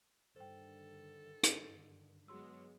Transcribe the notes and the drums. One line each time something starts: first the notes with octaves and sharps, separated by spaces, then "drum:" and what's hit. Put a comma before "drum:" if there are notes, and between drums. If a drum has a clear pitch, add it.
G2 D3 D#3 A4 C5 G5
drum: hi-hat
F#3 G#3 B3 F#4 C6 E6